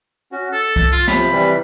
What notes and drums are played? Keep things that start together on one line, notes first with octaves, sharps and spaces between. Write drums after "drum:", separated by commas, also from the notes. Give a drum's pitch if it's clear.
C#4 F#4
A4 E6
drum: kick C2, hi-hat
F4
C3 F3 B5, drum: snare
C3 E3 G3